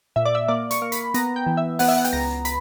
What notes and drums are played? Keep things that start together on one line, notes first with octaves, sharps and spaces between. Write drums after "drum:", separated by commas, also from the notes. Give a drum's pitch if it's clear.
A#2 E5
D5
E5
A#3 D5
C#6, drum: hi-hat
A#3
B5, drum: hi-hat
B3 A#5, drum: hi-hat
G5
E3
E5
B3 F#5, drum: open hi-hat
E5
F#5
G5, drum: hi-hat
C#2 A#5
B5, drum: hi-hat